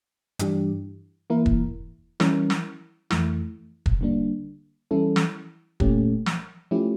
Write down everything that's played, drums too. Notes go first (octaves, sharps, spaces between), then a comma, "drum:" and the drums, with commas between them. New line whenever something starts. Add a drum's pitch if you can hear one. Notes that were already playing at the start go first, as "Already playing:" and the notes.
G2 E3 G3 D4 G4, drum: hi-hat
E3 A#3 E4 A#4
drum: kick
E3 G3 C#4 E4 A#4, drum: snare
drum: snare
F2 E3 A3 E4, drum: snare
drum: kick
D3 G3 A#3 D4
E3 G3 C#4 E4 A4
drum: snare
A#2 A3 C#4 G4, drum: kick
drum: snare
F3 A3 C#4 E4 G4